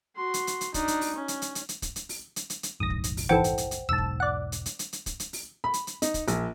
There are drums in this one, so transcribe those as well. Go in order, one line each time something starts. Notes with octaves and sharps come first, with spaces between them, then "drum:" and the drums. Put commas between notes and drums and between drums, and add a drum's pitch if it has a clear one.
F#4 C6
drum: hi-hat
drum: hi-hat
drum: hi-hat
D4 D#4, drum: kick, hi-hat
drum: hi-hat
drum: open hi-hat
C#4
drum: hi-hat
drum: hi-hat
drum: hi-hat
drum: hi-hat
drum: kick, hi-hat
drum: hi-hat
drum: open hi-hat
drum: hi-hat
drum: hi-hat
drum: hi-hat
F1 A#1 G#2 D#6 A#6
drum: kick
drum: hi-hat
drum: open hi-hat
G#1 E3 A4 C5 F#5 G5
drum: hi-hat
drum: hi-hat
drum: hi-hat
E1 B1 G#2 A5 E6 E7
drum: kick
D5 F#5
drum: hi-hat
drum: hi-hat
drum: hi-hat
drum: hi-hat
drum: kick, hi-hat
drum: hi-hat
drum: open hi-hat
B5
drum: hi-hat
drum: hi-hat
D#4, drum: hi-hat
drum: kick, hi-hat
A#1, drum: hi-hat